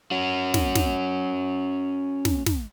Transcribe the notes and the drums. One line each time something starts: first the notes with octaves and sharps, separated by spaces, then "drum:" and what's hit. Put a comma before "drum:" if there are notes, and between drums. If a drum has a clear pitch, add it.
C#4 F#4
drum: snare
drum: snare
drum: snare
drum: snare